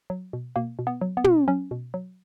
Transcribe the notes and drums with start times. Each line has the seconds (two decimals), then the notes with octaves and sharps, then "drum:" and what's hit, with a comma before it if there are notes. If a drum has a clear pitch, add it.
0.10 F#3
0.33 B2
0.56 B2 A#3
0.79 B2
0.87 B3
1.01 F#3
1.17 B3
1.24 B2, drum: tom
1.48 F#3 C#4
1.71 B2
1.94 F#3